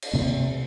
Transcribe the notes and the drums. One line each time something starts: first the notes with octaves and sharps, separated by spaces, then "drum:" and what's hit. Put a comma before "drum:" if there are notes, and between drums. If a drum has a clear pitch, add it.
drum: cymbal
C3 A#3